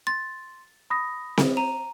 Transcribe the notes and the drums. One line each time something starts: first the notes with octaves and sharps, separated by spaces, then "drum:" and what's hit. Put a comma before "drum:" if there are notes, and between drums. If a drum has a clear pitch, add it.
C6 A6
B5 D#6 A#6
drum: snare C4
A#5 D#7